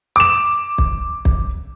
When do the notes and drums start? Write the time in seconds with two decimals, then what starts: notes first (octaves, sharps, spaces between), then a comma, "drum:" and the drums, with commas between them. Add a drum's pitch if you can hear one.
0.16 D6 E7
0.78 drum: kick
1.25 drum: kick